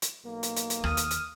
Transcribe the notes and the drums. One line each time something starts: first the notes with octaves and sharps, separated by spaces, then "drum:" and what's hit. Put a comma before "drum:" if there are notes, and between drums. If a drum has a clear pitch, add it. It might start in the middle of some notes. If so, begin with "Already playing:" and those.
drum: hi-hat
B1 A#3
drum: hi-hat
drum: hi-hat
drum: hi-hat
D#2 D#6 F6, drum: rim click
drum: hi-hat
drum: hi-hat